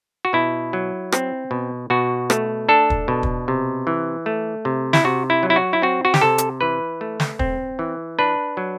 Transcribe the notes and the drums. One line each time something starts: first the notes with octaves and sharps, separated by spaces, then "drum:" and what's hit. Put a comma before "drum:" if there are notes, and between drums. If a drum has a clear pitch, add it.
F#4
B2 E4
F#3
C4, drum: rim click
B2
B2 F#4
A3, drum: rim click
D4 A4
drum: kick
B2
drum: kick
C3
E3
A3
C3
E4, drum: snare
C3 F#4
E4
F#3
E4
F#4
E4
C4 F#4
F#4
G4, drum: snare
C3 A4
drum: hi-hat
E3 B4
A3
drum: snare
C4, drum: kick
E3
D4 B4
F#3